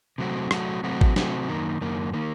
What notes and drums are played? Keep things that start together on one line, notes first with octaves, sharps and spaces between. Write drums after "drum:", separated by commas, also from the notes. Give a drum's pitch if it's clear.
C3 F#3 A3 C4 F#4
C3 F#3 A3 C4 F#4, drum: rim click
C3 F#3 A3 C4 F#4
drum: kick G#1
C3 F#3 A3 C4 F#4, drum: snare
F#2 D#3 A#3
F#2 D#3 A#3
D#3 A#3